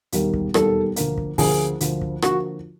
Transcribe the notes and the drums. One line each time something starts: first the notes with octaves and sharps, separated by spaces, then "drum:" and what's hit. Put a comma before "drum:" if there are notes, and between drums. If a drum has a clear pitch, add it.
E1 D#2 D#3 G3 A#3, drum: hi-hat
drum: kick
E1 D#2 D#3 G3 A#3 A4, drum: rim click
D2 D3 F3 A#3, drum: hi-hat
drum: kick
D2 D3 F3 A#3 G#4, drum: kick, open hi-hat
D2 D3 F3 A#3, drum: hi-hat
drum: kick
D3 F3 A#3 F#4, drum: rim click